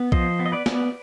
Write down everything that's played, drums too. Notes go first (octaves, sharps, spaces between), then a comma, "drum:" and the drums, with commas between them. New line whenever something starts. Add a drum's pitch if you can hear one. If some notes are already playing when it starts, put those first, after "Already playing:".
Already playing: B3
F3 C5 D#5, drum: kick B1
B3
D#5
B4 D5
B3, drum: snare